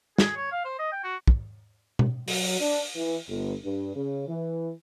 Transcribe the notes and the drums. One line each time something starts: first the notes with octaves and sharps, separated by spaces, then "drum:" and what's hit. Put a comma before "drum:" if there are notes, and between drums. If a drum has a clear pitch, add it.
G#4, drum: snare
C#5
F5
C5
D#5
G5
F#4
drum: kick
drum: tom B2
F#3, drum: open hi-hat
D4
E3
G1
G2
C#3
E3